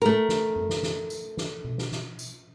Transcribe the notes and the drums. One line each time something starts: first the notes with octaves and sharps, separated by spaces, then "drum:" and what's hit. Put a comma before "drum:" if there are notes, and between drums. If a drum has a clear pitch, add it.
A3 A#4
drum: snare
drum: tom F#2
drum: snare
drum: snare
drum: tambourine
drum: snare
drum: tom B2
drum: snare
drum: snare
drum: tambourine